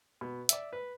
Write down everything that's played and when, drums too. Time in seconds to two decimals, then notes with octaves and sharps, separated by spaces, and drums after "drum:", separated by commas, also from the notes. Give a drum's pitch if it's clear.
0.21 B2
0.49 D5 E5, drum: hi-hat
0.73 B4